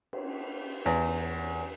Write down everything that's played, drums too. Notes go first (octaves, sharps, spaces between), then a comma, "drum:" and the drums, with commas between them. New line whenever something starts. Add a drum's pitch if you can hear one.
drum: cymbal
E2